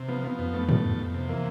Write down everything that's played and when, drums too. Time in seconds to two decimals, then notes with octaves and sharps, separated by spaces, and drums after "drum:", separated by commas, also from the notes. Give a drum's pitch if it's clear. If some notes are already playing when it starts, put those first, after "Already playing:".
Already playing: C3
0.08 F3 B3
0.24 F3 B3
0.39 F2 B3
0.53 A3 B3
0.69 A3, drum: tom G#2
0.84 F2
0.99 F2
1.14 C3
1.29 E3 A#3